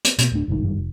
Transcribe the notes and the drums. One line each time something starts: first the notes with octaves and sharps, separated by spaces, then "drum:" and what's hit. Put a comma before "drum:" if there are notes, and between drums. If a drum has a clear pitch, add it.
drum: hi-hat
B2 A#3, drum: hi-hat
D1 A3 D4
F#1 C2 G#2 D#3
G1 F#2 D#3 G3
F1